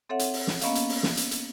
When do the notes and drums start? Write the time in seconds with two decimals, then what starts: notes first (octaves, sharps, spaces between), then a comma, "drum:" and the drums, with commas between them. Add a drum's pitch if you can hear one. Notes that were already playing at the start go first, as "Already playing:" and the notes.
0.09 C4 A4 C#5 E5 F#5
0.19 drum: hi-hat
0.33 drum: open hi-hat
0.47 drum: snare
0.61 A#3 B3 C#4 D#5 F5, drum: hi-hat
0.75 drum: hi-hat
0.89 drum: open hi-hat
1.03 drum: snare
1.17 drum: hi-hat
1.31 drum: hi-hat